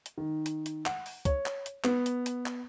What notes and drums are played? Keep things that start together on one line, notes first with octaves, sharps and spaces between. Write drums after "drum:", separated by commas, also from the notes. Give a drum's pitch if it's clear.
drum: hi-hat
D#3
drum: hi-hat
drum: hi-hat
F#5, drum: clap
drum: open hi-hat
C#5, drum: kick, hi-hat
drum: clap
drum: hi-hat
B3, drum: clap
drum: hi-hat
drum: hi-hat
drum: clap